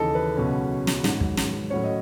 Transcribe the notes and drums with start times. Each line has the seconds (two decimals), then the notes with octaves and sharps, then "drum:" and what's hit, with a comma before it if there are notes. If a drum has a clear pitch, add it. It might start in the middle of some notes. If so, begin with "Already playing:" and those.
Already playing: D#2 C#3 E3 A4 D#5
0.15 B4
0.37 C#2 B2 F#3 C#4
0.87 drum: snare
1.04 G#2 D#3 F#3, drum: snare
1.21 drum: kick
1.37 drum: snare
1.70 A2 F#3 C#4 C#5
1.84 D#5